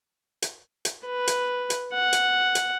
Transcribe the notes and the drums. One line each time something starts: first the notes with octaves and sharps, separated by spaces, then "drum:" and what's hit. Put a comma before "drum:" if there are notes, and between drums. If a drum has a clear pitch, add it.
drum: hi-hat
drum: hi-hat
B4
drum: hi-hat
drum: hi-hat
F#5
drum: hi-hat
drum: hi-hat